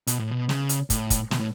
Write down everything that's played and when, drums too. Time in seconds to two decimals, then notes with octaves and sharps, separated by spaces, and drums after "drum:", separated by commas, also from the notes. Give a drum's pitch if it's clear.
0.07 B2, drum: hi-hat
0.19 A2
0.31 B2
0.49 C#3, drum: snare
0.69 drum: hi-hat
0.90 A2, drum: kick, hi-hat
1.10 drum: kick, hi-hat
1.31 B2, drum: snare
1.39 A2